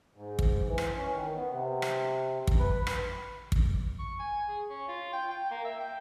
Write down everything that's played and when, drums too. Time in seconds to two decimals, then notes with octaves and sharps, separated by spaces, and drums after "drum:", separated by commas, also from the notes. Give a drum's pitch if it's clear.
0.15 G#2
0.39 drum: kick
0.65 E3
0.78 drum: rim click
0.96 C#4
1.12 D#3
1.34 B3
1.50 C3
1.82 drum: rim click
2.47 drum: kick
2.59 B4
2.87 drum: rim click
3.52 drum: kick
3.99 C#6
4.19 G#5
4.48 G#4
4.69 C#4
4.88 F4
5.13 G5
5.31 G5
5.51 A#3
5.65 E5
5.79 G5